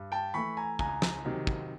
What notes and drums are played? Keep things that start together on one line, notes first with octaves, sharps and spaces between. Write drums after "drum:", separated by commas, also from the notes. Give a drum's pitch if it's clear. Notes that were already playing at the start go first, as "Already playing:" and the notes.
Already playing: G2
G5 A5
E3 A3 B5 C#6
G#5 A#5
C#2 G#5 A#5, drum: kick
drum: snare
C3 D#3 F#3
drum: kick